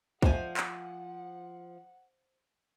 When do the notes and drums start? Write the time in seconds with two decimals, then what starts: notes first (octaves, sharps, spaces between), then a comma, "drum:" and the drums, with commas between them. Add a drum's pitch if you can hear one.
0.22 F3 A3 D4 D#4 C5 F5 F#5 G#5, drum: kick
0.57 drum: clap